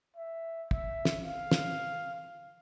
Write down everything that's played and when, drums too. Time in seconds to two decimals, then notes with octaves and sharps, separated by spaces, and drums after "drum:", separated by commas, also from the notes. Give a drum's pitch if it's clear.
0.17 E5
0.71 E5, drum: kick
1.05 drum: snare
1.25 F5
1.51 drum: snare